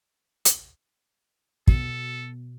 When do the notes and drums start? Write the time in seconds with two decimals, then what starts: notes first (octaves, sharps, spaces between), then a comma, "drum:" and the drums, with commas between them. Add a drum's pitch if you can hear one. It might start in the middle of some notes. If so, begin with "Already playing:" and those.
0.45 drum: hi-hat
1.67 B2 A4, drum: kick